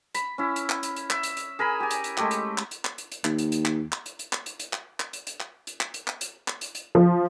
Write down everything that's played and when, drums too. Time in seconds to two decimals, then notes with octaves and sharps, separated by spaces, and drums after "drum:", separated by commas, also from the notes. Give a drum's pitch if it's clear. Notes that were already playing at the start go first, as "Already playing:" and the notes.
0.15 B5, drum: hi-hat
0.38 C#4 E4
0.56 drum: hi-hat
0.70 drum: clap
0.83 drum: hi-hat
0.96 drum: hi-hat
1.10 E5, drum: clap
1.23 drum: hi-hat
1.37 drum: hi-hat
1.59 G#4 A#4 G#5 B5
1.80 G4 G#5
1.91 drum: hi-hat
2.04 drum: hi-hat
2.17 G#3 A3 G4, drum: clap
2.31 drum: hi-hat
2.58 drum: clap
2.71 drum: hi-hat
2.85 drum: clap
2.98 drum: hi-hat
3.12 drum: hi-hat
3.25 D#2, drum: clap
3.38 drum: hi-hat
3.52 drum: hi-hat
3.65 drum: clap
3.92 drum: clap
4.06 drum: hi-hat
4.19 drum: hi-hat
4.33 drum: clap
4.46 drum: hi-hat
4.60 drum: hi-hat
4.73 drum: clap
5.00 drum: clap
5.13 drum: hi-hat
5.27 drum: hi-hat
5.40 drum: clap
5.67 drum: hi-hat
5.81 drum: clap
5.94 drum: hi-hat
6.07 drum: clap
6.21 drum: hi-hat
6.48 drum: clap
6.61 drum: hi-hat
6.75 drum: hi-hat
6.95 F3